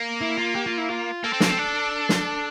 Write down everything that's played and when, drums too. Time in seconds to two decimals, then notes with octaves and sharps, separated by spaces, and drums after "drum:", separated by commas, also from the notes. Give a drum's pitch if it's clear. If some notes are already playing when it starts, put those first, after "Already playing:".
Already playing: A#3
0.21 E4
0.38 F4
0.55 G4
0.67 F4
0.78 E4
0.89 F4
1.23 A#3 A4
1.33 C4
1.40 A#3, drum: snare
1.50 C4
1.58 D4
2.09 drum: snare